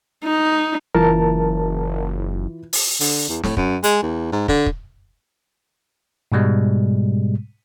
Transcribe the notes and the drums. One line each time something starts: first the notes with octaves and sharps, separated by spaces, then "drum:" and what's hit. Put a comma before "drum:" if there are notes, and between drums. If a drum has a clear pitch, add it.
D#4
F#1 E3 F4 A#4 A5
drum: open hi-hat
D3, drum: open hi-hat
E2
A2, drum: snare
F#2, drum: kick
G#3, drum: hi-hat
E2
G#2
D3, drum: kick
drum: kick
G#2 B2 G3 G#3